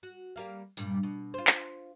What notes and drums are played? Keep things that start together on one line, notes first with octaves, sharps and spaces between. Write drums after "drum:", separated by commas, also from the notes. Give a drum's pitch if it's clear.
F#4
G3 A#3 F5
G2 A#2 G3, drum: tambourine
B2
F4 C5
drum: clap